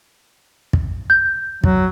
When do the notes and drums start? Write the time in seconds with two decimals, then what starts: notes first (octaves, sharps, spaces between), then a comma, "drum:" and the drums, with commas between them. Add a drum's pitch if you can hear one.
0.73 drum: kick
1.10 G6
1.64 F#3, drum: kick